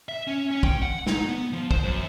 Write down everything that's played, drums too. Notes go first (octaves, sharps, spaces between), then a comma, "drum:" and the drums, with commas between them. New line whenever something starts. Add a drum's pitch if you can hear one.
E5
C#4
C#4
G5, drum: kick
F#5
D#4, drum: snare
B3
F3
C5, drum: kick
F#2